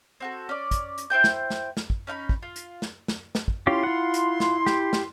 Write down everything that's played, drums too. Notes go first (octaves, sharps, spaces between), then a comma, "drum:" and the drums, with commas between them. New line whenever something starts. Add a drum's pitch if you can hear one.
C4 F#4 A4
C#4 D5
drum: kick, hi-hat
drum: hi-hat
E4 C5 G5 G6
drum: snare
drum: snare
drum: snare
drum: kick
C#4 D#4 F5 B5
drum: kick
F4
drum: hi-hat
drum: snare
drum: snare
drum: snare
drum: kick
C#4 E4 F4 G4 C6
F4 F#5
drum: hi-hat
drum: snare
G4, drum: snare
drum: snare